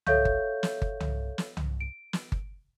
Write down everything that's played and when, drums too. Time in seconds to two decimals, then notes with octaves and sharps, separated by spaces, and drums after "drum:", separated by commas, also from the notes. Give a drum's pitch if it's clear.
0.06 A4 C#5 E5 F5 C#6 G6, drum: tom C2
0.25 drum: kick G1
0.63 drum: snare
0.82 drum: kick G1
1.00 drum: tom C2
1.38 drum: snare
1.57 drum: tom C2
1.81 D7
2.13 drum: snare
2.32 drum: kick G1